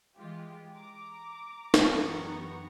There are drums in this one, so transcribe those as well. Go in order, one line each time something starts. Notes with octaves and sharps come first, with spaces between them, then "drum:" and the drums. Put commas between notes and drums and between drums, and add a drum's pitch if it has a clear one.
E3 G#3 F4 G4
A#5 D6
drum: snare
F#2 E3 B3 G4 A#5 C#6